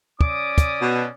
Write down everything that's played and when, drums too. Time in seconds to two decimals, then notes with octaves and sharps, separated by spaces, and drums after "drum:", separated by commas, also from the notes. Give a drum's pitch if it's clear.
0.21 C#4 D5 D6 D#6, drum: kick
0.58 drum: kick, hi-hat
0.80 B2